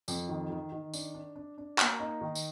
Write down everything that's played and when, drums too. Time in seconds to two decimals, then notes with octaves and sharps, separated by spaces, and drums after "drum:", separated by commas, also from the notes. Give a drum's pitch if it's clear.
0.08 F2, drum: tambourine
0.29 D#3
0.50 D#3
0.72 D#3
0.94 D4, drum: tambourine
1.15 D4
1.36 D4
1.58 D4
1.78 A#3, drum: clap
2.00 D#4
2.21 D#3
2.35 drum: tambourine